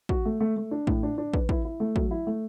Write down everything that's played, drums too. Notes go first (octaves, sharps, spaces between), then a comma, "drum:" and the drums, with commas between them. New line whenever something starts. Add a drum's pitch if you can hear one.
F#4, drum: kick
A3
A3
A3
D4
A2, drum: kick
D4
D4
B4, drum: kick
E4, drum: kick
E4
A3
F#3, drum: kick
E4
A3